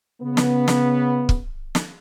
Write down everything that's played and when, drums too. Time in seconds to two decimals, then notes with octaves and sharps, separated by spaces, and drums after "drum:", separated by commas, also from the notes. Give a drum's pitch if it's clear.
0.22 C#3 B3
0.37 drum: snare
0.68 drum: snare
1.29 drum: kick
1.75 drum: snare